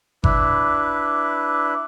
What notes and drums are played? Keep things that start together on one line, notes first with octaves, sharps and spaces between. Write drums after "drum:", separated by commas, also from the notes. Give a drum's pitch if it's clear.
D4 E4 B4, drum: kick G1